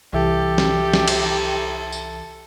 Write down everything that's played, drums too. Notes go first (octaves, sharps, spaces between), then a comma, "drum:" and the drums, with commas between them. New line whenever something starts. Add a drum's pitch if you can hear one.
C2 E3 G4 A4 E5
drum: snare
drum: snare
drum: cymbal
drum: tambourine